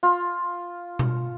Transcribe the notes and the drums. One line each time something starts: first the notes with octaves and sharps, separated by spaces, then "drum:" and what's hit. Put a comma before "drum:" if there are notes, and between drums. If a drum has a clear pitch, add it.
F4
drum: tom B2